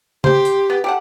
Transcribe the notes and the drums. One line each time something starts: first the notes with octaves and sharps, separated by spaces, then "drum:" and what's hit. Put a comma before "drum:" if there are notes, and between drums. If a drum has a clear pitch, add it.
G4 C5, drum: tom C#3
drum: hi-hat
B3
G4 A4 F#5